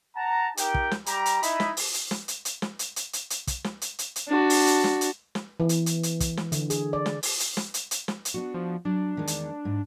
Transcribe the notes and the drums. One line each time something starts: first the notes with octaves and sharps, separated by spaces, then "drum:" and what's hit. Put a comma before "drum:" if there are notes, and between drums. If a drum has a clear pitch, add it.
F#5 A5 A#5
D#4 G4 A#4 G5, drum: hi-hat
drum: kick
drum: snare
G3 G4 A#5, drum: hi-hat
drum: hi-hat
D#4 E4 D#5 E5 B5, drum: hi-hat
drum: snare
drum: open hi-hat
drum: hi-hat
drum: snare
drum: hi-hat
drum: hi-hat
drum: snare
drum: hi-hat
drum: hi-hat
drum: hi-hat
drum: hi-hat
drum: kick, hi-hat
drum: snare
drum: hi-hat
drum: hi-hat
drum: hi-hat
D4 F#4
drum: open hi-hat
drum: hi-hat
drum: snare
drum: hi-hat
drum: snare
E3
drum: hi-hat
drum: hi-hat
drum: hi-hat
drum: kick, hi-hat
drum: snare
D3, drum: hi-hat
G#4, drum: hi-hat
D5
drum: snare
drum: open hi-hat
drum: hi-hat
drum: snare
drum: hi-hat
drum: hi-hat
drum: snare
drum: hi-hat
B3 D4 F#4
F3
F#3 D4
E2 D#3 G#3
drum: hi-hat
G#2